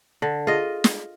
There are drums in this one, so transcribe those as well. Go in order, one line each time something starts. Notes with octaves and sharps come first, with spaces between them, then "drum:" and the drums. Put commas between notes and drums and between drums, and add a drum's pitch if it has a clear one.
D3 A#6
F4 G#4 D#5 A#6
drum: snare